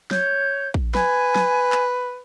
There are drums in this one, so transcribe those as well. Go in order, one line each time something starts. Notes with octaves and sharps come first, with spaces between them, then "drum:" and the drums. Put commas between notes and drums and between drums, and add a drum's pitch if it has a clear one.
C#5 G6, drum: snare
drum: kick
B4 G#5, drum: snare
drum: snare
drum: clap